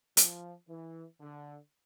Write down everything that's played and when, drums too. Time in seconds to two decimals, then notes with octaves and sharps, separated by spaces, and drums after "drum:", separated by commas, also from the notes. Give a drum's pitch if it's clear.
0.17 F3, drum: hi-hat
0.68 E3
1.20 D3